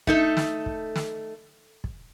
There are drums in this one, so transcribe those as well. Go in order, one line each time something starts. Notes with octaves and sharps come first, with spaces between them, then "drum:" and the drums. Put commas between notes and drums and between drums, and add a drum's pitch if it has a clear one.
A3 D#4 A4, drum: kick
drum: snare
drum: kick
drum: snare
drum: kick